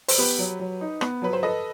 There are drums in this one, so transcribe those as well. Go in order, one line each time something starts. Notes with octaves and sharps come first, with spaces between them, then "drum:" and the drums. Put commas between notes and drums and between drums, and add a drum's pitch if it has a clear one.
C5, drum: open hi-hat
B3 G4 B4
F#3
F#3
D#4
B3, drum: rim click
F#3 B4
C5
A4 B4 D#5